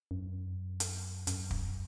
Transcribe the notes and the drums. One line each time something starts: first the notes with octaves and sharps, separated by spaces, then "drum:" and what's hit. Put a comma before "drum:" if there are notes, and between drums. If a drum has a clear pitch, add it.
F#2
drum: hi-hat
F#2, drum: hi-hat
drum: kick